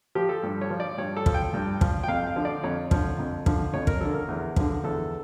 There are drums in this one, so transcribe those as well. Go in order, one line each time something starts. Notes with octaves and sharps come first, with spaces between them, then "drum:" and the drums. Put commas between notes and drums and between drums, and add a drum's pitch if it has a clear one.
F3 G4
A4
G2
C#5
F3
D5
G2 C#5
A4
F3, drum: kick
G5
G2
F3, drum: kick
G5
F2 F5
F5
D3 F3
D5
F2 C#5
D3 F3, drum: kick
F2
D3 F3, drum: kick
F2 C#5
A#4, drum: kick
D3 F3 A4
A#4
E2
D3 F3, drum: kick
E2 A4